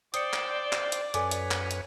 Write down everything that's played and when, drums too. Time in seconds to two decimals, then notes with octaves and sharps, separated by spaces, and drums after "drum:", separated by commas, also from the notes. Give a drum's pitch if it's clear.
0.14 C5 D5 G5 D#6 C#7, drum: hi-hat
0.33 drum: clap
0.73 drum: clap
0.92 drum: hi-hat
1.14 F#2 A4 B4 C#5 G#5 D6, drum: hi-hat
1.31 drum: hi-hat
1.51 drum: clap
1.71 drum: hi-hat